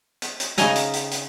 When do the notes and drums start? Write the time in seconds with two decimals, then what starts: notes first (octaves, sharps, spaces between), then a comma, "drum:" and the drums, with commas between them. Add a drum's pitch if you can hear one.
0.22 drum: hi-hat
0.40 drum: hi-hat
0.58 C#3 D#4 D#5 G#5 A#5, drum: hi-hat
0.76 drum: hi-hat
0.93 drum: hi-hat
1.11 drum: hi-hat